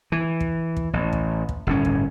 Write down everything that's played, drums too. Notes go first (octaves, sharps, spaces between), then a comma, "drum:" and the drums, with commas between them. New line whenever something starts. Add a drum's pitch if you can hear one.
E3
drum: kick
drum: kick
A1
drum: kick
drum: kick
G1 A2 C#4
drum: kick